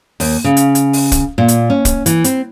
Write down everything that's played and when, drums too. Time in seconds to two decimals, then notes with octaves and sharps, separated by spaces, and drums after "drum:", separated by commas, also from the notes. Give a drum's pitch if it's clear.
0.20 D#2, drum: open hi-hat
0.44 C#3
0.57 drum: hi-hat
0.75 drum: hi-hat
0.93 drum: open hi-hat
1.12 drum: kick, hi-hat
1.38 A#2
1.48 drum: hi-hat
1.70 C#4
1.85 drum: kick, hi-hat
2.06 E3, drum: hi-hat
2.24 C4, drum: hi-hat